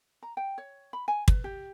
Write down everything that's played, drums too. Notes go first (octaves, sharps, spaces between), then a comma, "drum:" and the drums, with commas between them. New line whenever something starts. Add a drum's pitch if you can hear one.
A#5
G5
C#5
B5
G#5
B4, drum: kick
G4